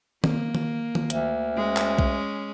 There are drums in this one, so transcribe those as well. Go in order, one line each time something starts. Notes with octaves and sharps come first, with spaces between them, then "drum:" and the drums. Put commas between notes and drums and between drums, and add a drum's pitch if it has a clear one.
A#3, drum: tom D#3
drum: tom D#3
drum: tom D#3
D2, drum: hi-hat
G#3 C#4
drum: clap
drum: kick B1